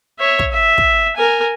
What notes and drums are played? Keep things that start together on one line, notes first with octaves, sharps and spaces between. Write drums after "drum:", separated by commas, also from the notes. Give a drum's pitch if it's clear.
C#5 E5
drum: kick
E5
drum: kick
A#4 G#5